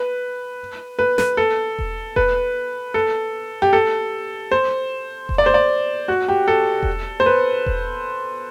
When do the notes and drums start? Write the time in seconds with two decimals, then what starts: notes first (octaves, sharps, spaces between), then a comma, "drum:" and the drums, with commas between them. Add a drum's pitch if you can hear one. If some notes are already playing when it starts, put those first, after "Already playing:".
Already playing: B4
0.99 B4
1.18 B4, drum: snare
1.37 A4
1.79 drum: kick E1
2.16 B4, drum: kick E1
2.94 A4
3.62 G4
3.73 A4
4.52 C5
5.29 drum: kick E1
5.38 D5
5.46 C5
5.54 D5
6.08 F#4
6.28 G4
6.48 A4
6.83 drum: kick E1
7.20 C5
7.26 B4
7.66 drum: kick E1